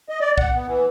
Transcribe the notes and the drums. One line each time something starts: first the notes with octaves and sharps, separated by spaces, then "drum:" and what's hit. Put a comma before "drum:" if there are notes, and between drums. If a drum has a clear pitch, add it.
D#5
D5
F#5, drum: kick
B3
E3